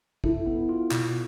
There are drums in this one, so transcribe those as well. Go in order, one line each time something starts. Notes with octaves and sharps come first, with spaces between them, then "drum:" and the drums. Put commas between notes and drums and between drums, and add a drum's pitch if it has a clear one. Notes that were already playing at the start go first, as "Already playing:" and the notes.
E4 A4, drum: kick A1
B3
F4
B2, drum: clap